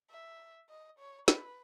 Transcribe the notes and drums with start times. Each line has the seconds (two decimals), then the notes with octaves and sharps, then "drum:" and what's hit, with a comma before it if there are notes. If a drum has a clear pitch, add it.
0.11 E5
0.69 D#5
0.99 C#5
1.28 B4, drum: snare